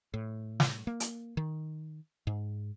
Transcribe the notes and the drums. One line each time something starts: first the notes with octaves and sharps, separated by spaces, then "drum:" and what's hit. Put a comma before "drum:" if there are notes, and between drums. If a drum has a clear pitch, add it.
A2
drum: snare
A#3
drum: hi-hat
D#3
G#2